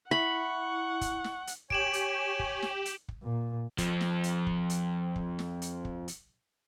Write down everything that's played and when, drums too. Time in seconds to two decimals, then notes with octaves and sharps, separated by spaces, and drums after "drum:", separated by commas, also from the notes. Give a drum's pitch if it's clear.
0.11 E4 F#5 B5 C#6
1.01 drum: kick, hi-hat
1.24 drum: snare
1.47 drum: hi-hat
1.70 G4 C#5 G#5 D7 E7 F#7, drum: kick
1.93 drum: hi-hat
2.39 drum: kick
2.62 drum: snare
2.85 drum: hi-hat
3.08 drum: kick
3.23 A#2
3.78 F2 F3, drum: kick, hi-hat
4.01 drum: snare
4.24 drum: hi-hat
4.47 drum: kick
4.70 drum: hi-hat
5.16 drum: kick
5.39 drum: snare
5.62 drum: hi-hat
5.85 drum: kick
6.08 drum: hi-hat